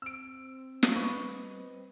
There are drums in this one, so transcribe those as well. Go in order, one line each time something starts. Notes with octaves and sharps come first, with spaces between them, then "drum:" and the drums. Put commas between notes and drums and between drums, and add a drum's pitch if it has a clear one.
C4 E6 D7
drum: snare
G3 B4 D#5 C#6